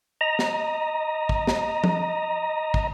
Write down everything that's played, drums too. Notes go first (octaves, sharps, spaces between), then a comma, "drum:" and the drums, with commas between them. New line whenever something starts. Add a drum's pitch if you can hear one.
D#5 A#5
drum: snare
drum: kick
drum: snare
drum: tom F3
drum: kick